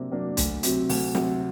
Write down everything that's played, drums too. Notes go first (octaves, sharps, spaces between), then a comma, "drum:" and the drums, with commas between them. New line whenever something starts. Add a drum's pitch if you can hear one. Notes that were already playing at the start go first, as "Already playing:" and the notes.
Already playing: C3 F#3 A#3 D4
F#3 A#3 D4
D2, drum: kick B1, hi-hat
C3 F#3 C4 F#4, drum: hi-hat
D2, drum: open hi-hat
C3 F#3 C4 F#4, drum: snare